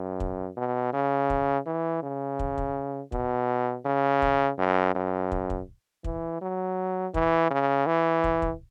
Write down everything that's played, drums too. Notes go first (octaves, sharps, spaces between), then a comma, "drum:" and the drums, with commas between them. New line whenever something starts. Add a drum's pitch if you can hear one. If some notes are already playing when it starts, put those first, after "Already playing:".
Already playing: F#2
drum: kick
B2
C#3
drum: kick
E3
C#3
drum: kick
drum: kick
B2, drum: kick
C#3
drum: kick
F#2
F#2
drum: kick
drum: kick
E3, drum: kick
F#3
E3, drum: kick
C#3
E3
drum: kick
drum: kick